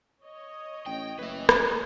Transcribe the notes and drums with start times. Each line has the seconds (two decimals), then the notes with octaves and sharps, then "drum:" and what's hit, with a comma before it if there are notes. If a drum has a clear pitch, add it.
0.24 C#5 D#5
0.86 A1 G5
1.19 F#1 B4 E5
1.49 drum: rim click